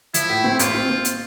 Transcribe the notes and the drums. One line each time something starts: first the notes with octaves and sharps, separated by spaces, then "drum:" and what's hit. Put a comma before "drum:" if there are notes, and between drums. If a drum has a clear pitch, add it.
F3 E4, drum: hi-hat
A2
C4
A1 F4, drum: hi-hat
C4
C4
drum: hi-hat